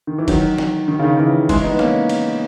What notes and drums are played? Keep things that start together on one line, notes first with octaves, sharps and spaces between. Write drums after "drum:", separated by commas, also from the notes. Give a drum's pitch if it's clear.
D#3
E3
D#3 F#3, drum: kick F#1, cymbal
drum: snare
D#3
C#3
D#3
C#3 E3
E3 G#3, drum: kick F#1, cymbal
B3 D#4
A#3 C#4, drum: snare
drum: cymbal